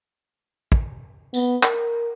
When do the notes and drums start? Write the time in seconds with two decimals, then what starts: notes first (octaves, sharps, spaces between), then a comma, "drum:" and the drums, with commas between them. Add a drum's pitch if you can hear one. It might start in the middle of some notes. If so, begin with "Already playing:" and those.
0.72 drum: kick
1.34 B3, drum: tambourine
1.63 A#4, drum: clap